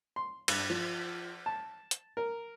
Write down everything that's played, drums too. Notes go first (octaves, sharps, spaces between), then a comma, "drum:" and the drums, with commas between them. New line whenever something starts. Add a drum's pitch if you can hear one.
C6
G2, drum: cymbal
F3
A5
drum: hi-hat
A#4